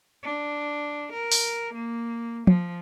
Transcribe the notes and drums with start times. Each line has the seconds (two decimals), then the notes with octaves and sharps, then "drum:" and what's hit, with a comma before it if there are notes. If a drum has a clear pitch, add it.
0.23 D4
1.12 A#4
1.32 drum: open hi-hat
1.74 A#3
2.47 F3, drum: tom F3